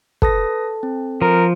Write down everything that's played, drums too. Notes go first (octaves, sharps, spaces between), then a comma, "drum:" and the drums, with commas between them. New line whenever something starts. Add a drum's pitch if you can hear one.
A4 B4 A5 D#6 A#6, drum: kick
C4
F3 A#4